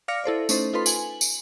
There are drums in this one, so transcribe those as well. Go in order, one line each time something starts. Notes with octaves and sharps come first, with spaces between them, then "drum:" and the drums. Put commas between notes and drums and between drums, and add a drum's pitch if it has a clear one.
D5 F5 D6 F6 A#6 C#7
E4 A4 C5 D5
A3 C#4 D#4 A4 C5, drum: tambourine
D#4 F4 A4 B4 C6
G#5 F#7, drum: tambourine
drum: tambourine